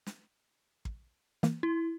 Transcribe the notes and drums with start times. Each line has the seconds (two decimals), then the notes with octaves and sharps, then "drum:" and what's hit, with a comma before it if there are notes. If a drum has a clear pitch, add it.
0.07 drum: snare
0.85 drum: kick
1.43 E3 A#3, drum: snare
1.63 E4